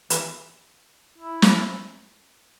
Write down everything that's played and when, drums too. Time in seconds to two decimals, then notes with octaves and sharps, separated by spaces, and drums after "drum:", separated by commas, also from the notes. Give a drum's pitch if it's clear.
0.10 E3, drum: hi-hat
1.18 E4
1.42 drum: snare